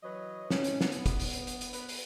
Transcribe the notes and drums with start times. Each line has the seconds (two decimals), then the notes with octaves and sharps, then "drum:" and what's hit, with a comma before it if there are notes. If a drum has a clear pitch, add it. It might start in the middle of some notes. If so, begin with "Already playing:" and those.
0.03 E3 F#3 B4 C#5 D#5
0.50 A2 C3 C#4, drum: snare
0.64 drum: hi-hat
0.81 B3, drum: snare
0.92 drum: hi-hat
1.06 drum: kick, hi-hat
1.20 drum: open hi-hat
1.33 drum: hi-hat
1.47 drum: hi-hat
1.61 drum: hi-hat
1.73 B3 B4, drum: hi-hat
1.89 drum: open hi-hat